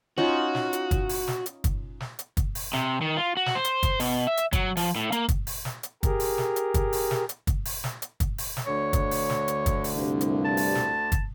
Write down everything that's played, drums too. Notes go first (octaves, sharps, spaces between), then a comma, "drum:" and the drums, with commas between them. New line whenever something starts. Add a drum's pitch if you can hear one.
C#4 D#4 F4 F#4
drum: snare
drum: hi-hat
drum: kick, hi-hat
drum: open hi-hat
drum: snare
drum: hi-hat
drum: kick, hi-hat
drum: snare
drum: hi-hat
drum: kick, hi-hat
drum: open hi-hat
C3, drum: snare
D#3
F4
F#4
drum: snare
C5
drum: hi-hat
drum: kick, hi-hat
B2, drum: open hi-hat
E5
drum: hi-hat
F#3, drum: kick, hi-hat
F3, drum: open hi-hat
A2
A#3, drum: hi-hat
drum: kick, hi-hat
drum: open hi-hat
drum: snare
drum: hi-hat
G4 G#4 A#4, drum: kick, hi-hat
drum: open hi-hat
drum: snare
drum: hi-hat
drum: kick, hi-hat
drum: open hi-hat
drum: snare
drum: hi-hat
drum: kick, hi-hat
drum: open hi-hat
drum: snare
drum: hi-hat
drum: kick, hi-hat
drum: open hi-hat
drum: snare
D2 D3 C#5
drum: kick, hi-hat
drum: open hi-hat
drum: snare
drum: hi-hat
drum: kick, hi-hat
drum: open hi-hat
C2 G2
drum: hi-hat
A5
drum: open hi-hat
drum: snare
drum: kick, hi-hat